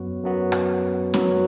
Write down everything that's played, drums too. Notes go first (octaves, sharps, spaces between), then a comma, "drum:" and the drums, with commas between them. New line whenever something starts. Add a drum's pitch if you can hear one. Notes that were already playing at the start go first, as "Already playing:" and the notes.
Already playing: F#2 F#3 B3 F#4
F#2 F#3 B3 F#4
drum: rim click
F#2 F#3 B3 F#4, drum: snare